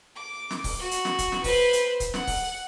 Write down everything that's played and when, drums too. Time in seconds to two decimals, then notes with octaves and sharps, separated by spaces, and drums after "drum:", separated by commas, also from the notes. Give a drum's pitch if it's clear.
0.16 D6
0.51 drum: snare
0.64 drum: kick C#1, open hi-hat
0.79 F#4
0.91 drum: hi-hat
1.05 drum: snare
1.19 drum: kick C#1, hi-hat
1.32 drum: snare
1.44 B4 C5, drum: kick C#1, open hi-hat
1.73 drum: hi-hat
2.00 drum: kick C#1, hi-hat
2.14 F#5, drum: snare
2.27 drum: kick C#1, open hi-hat